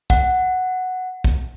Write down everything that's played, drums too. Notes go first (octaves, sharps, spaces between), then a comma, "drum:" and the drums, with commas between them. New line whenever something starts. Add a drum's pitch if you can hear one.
F#5, drum: kick
drum: kick